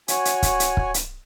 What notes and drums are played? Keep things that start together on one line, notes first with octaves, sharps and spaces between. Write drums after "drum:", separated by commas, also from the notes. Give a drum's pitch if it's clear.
F#4 C#5 G#5, drum: hi-hat
drum: hi-hat
drum: kick, hi-hat
drum: hi-hat
drum: kick
drum: hi-hat